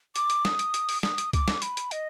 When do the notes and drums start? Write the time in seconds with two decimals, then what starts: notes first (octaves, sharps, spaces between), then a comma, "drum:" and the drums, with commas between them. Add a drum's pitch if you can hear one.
0.16 D6, drum: hi-hat
0.30 drum: hi-hat
0.45 D#6, drum: snare
0.59 drum: hi-hat
0.74 drum: hi-hat
0.89 drum: open hi-hat
1.03 D#6, drum: snare
1.18 drum: hi-hat
1.33 D6, drum: kick C#2, hi-hat
1.48 drum: snare
1.62 B5, drum: hi-hat
1.77 drum: hi-hat
1.91 D#5, drum: hi-hat